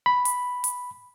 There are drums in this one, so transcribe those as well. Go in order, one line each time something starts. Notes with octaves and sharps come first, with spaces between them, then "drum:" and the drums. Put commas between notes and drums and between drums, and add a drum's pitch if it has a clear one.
B5
drum: hi-hat
drum: hi-hat